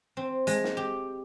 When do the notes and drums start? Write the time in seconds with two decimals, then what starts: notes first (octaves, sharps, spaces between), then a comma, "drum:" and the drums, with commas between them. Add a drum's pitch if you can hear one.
0.17 C4
0.47 G#3, drum: hi-hat
0.64 drum: snare
0.77 G4